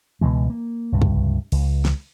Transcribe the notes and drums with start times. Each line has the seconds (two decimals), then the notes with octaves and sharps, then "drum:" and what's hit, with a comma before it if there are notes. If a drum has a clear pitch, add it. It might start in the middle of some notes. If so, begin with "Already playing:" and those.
0.21 C#2 B2 E3 G#3
0.50 A#3
0.92 C#2 G2 C3
1.02 drum: kick
1.52 C#2, drum: cymbal
1.85 drum: snare